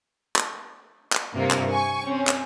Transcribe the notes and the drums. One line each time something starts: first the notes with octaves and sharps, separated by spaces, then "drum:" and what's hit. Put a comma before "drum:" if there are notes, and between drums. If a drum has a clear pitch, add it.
drum: clap
drum: clap
G2 C3 A#3 F4
drum: clap
G#5 C#6
C4 C#4
drum: clap